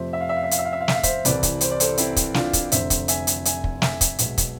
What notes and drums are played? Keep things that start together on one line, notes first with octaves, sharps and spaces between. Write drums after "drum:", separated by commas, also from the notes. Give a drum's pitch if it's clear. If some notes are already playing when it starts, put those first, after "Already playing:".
Already playing: F2 C3 F3 A3 C5 E5
E5
F5
E5
F5
E5
F5, drum: hi-hat
E5
F5
E5
F5
E5, drum: snare
F5
C5 E5, drum: kick, hi-hat
C2 C3 E3 B4 D5, drum: hi-hat
drum: kick, hi-hat
C5, drum: hi-hat
D5
A4 C5, drum: hi-hat
C4 E4, drum: hi-hat
drum: kick, hi-hat
D4 F4, drum: snare
drum: kick, hi-hat
F1 F2 D3 C5 E5, drum: hi-hat
drum: kick, hi-hat
E5 G#5, drum: hi-hat
drum: hi-hat
E5 G#5, drum: hi-hat
drum: kick
E5 G#5, drum: snare
drum: kick, hi-hat
B1 B2 G#3, drum: hi-hat
drum: kick, hi-hat